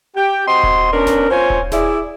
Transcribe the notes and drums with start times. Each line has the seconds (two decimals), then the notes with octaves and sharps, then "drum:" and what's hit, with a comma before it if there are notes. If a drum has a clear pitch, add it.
0.16 G4 G5
0.46 C4 F#4 D#5 C6
0.63 drum: kick D#1
0.92 B3 C#4 D4 A#4
1.07 drum: snare E1
1.30 C4 F4 C5 C#5 G#5
1.50 drum: kick D#1
1.72 E4 G#4 D5 E5, drum: snare E1